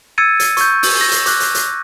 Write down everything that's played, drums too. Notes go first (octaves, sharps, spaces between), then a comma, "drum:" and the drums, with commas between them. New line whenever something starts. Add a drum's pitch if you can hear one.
E6 G#6 A6 C#7 D#7
drum: hi-hat
C#6 G6, drum: hi-hat
drum: open hi-hat
A#6
drum: hi-hat
D6 F#6, drum: hi-hat
drum: hi-hat
drum: hi-hat